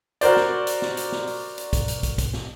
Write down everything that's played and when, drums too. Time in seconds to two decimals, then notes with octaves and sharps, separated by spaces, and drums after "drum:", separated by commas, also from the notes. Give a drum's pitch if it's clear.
0.21 F#4 A#4 C5 D5, drum: hi-hat
0.36 drum: snare
0.67 drum: hi-hat
0.82 drum: snare
0.97 drum: hi-hat
1.12 drum: snare
1.27 drum: open hi-hat
1.58 drum: hi-hat
1.73 drum: kick, hi-hat
1.88 drum: hi-hat
2.03 drum: kick, hi-hat
2.18 drum: kick, hi-hat
2.33 drum: snare